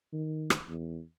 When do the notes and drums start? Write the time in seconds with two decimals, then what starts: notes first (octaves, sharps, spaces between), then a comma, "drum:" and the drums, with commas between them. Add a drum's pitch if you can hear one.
0.13 D#3
0.50 drum: rim click
0.68 E2